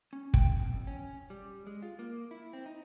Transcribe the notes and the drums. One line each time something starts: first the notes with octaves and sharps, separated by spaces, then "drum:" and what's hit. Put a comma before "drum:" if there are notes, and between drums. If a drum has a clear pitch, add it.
C#4
G5, drum: kick
B2
F2
C#4
G3
G#3
F4
A#3
E4
C4
D#4